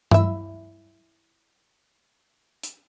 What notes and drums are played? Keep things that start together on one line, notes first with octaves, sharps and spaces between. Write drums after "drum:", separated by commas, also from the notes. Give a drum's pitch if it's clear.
E4 E5, drum: tom G2
drum: hi-hat